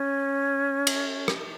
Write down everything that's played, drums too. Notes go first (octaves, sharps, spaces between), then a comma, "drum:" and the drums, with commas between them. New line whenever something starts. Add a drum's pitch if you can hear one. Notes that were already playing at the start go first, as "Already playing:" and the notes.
Already playing: C#4
drum: cymbal
drum: rim click